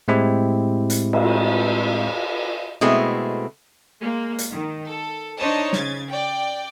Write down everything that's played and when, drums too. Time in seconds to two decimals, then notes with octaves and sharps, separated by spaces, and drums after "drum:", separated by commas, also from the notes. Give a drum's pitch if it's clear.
0.08 A2 G#3 C4 E4 G4
0.90 drum: hi-hat
1.13 drum: cymbal
2.81 B2 G#3 A3 C4 E4
4.00 G#3 A#3
4.39 drum: hi-hat
4.50 D#3
4.87 A4
5.38 D4 D#4 C5 C#5 D#5 A5
5.73 C#3 G#6 A6, drum: snare
6.09 D5 G5